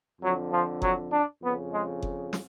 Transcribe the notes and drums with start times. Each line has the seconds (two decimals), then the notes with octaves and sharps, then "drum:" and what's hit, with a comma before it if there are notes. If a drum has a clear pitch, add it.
0.21 F2 D3 F#3
0.52 F3
0.82 F#3, drum: kick F#1
1.12 D4
1.42 F2 C#3 B3
1.73 G#3
2.02 drum: kick F#1
2.33 drum: snare